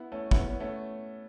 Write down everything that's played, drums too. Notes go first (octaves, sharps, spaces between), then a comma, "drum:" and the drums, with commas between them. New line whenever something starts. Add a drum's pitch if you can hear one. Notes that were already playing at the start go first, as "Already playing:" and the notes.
Already playing: B3 E4
A3 C#4
B3 E4, drum: kick
C#4
B3
A3 C#4